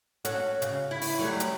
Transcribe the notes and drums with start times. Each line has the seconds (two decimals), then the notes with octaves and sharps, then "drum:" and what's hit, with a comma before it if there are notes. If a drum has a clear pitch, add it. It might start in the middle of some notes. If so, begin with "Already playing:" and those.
0.25 C#4 F#4 A4, drum: hi-hat
0.62 C#3, drum: hi-hat
0.91 E4
1.01 drum: open hi-hat
1.19 F#3 G3 A3
1.40 drum: hi-hat